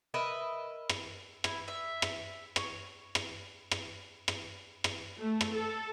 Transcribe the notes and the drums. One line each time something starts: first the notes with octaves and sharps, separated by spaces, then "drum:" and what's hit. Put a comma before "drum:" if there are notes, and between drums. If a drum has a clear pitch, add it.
A#4 B4 D#5 E5
drum: rim click
E4, drum: rim click
E5
drum: rim click
C#5, drum: rim click
drum: rim click
drum: rim click
drum: rim click
drum: rim click
A3
drum: rim click
A4